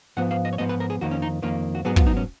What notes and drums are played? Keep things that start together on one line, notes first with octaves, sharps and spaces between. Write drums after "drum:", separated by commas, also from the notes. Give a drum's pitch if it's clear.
G#2 F3 B3 F#5
F5
D#5
C#5
G#2 F3 B3 D#5
B4
A#4
G#4
F2 D#3 A#3 F#4
C#4
D#4
F2 D#3 A#3 F4
F#4
G#2 F#3 B3 G#4
F4, drum: kick
D#4
C#4